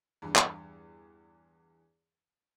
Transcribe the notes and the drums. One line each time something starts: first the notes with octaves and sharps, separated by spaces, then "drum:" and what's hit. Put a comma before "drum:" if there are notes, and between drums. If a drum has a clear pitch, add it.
E2 G2
drum: clap